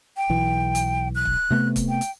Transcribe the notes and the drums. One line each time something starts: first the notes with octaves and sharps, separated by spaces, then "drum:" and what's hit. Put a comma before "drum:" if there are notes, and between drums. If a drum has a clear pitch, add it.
G5
B1 E3
drum: hi-hat
F#6
drum: kick
C3 A3 B3
drum: kick, hi-hat
G5
drum: hi-hat